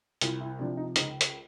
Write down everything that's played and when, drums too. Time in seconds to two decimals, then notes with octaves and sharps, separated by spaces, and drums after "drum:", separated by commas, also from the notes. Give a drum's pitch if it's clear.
0.21 C2 F4, drum: hi-hat
0.41 E4
0.59 C3 F3 D4
0.77 D#4
0.96 C#2 D#4, drum: hi-hat
1.21 drum: hi-hat